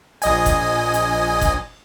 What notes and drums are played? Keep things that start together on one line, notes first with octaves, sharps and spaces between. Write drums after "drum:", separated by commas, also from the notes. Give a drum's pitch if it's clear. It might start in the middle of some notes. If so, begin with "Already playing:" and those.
A#1 D#5 G#5, drum: hi-hat
drum: kick F#1, hi-hat
drum: hi-hat
drum: kick F#1, hi-hat